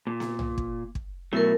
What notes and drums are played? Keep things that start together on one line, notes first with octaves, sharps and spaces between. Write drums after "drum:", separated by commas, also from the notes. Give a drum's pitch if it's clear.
A#2
drum: snare B3
drum: tom
drum: kick
drum: kick
B2 F#3 A3 E4 A4 A#4